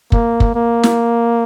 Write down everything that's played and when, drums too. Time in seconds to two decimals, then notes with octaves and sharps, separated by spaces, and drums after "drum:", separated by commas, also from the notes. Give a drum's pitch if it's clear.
0.12 A#3, drum: kick
0.40 drum: kick
0.55 A#3
0.83 drum: snare